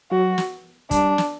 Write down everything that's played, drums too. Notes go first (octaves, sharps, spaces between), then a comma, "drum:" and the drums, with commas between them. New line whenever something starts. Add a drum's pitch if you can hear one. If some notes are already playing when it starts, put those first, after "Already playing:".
F#3 F#4
drum: snare
G3 D4, drum: kick, hi-hat
drum: snare